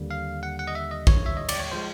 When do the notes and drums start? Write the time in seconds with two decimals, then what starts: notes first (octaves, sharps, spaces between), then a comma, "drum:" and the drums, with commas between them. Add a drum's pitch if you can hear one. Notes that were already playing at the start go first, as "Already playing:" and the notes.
Already playing: D#2 D3 G3 A#3
0.11 F5
0.43 F#5
0.59 F#5
0.67 D#5
0.75 E5
0.91 D#5
1.07 C#5, drum: kick A#1
1.26 E5
1.37 D#5
1.49 D5, drum: cymbal
1.59 C#5
1.71 F3 G#3 C5